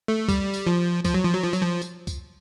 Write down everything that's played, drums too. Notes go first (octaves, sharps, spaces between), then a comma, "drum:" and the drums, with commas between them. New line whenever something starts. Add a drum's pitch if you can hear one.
A3
G3, drum: kick C2, tambourine
drum: tambourine
F3
F3, drum: kick C2, tambourine
F#3
F3
F#3
F3
F#3, drum: tambourine
F3
drum: tambourine
drum: kick C2, tambourine